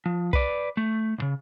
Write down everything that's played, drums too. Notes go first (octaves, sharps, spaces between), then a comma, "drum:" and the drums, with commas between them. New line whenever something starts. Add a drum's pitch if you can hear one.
F3
B4 D5, drum: kick
A3
C2 C#3